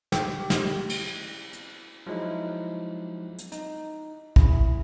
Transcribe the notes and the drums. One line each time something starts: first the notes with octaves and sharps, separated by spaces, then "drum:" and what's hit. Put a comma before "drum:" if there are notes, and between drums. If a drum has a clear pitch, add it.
G4, drum: snare
drum: snare
drum: cymbal
drum: hi-hat
F3 F#3 G#3 D#4 E4
drum: hi-hat
D#4, drum: hi-hat
E4 G#4, drum: kick